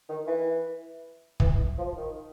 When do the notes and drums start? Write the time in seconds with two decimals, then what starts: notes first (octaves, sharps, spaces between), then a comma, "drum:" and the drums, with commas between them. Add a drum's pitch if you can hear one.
0.09 D#3
0.27 E3
1.40 E3, drum: kick
1.78 F3
1.97 D#3